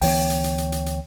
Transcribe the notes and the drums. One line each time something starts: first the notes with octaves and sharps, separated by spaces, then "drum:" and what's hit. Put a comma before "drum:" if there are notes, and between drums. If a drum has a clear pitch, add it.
D2 E3 B3 C#5 G5, drum: open hi-hat
drum: hi-hat
drum: hi-hat
drum: hi-hat
drum: hi-hat
drum: hi-hat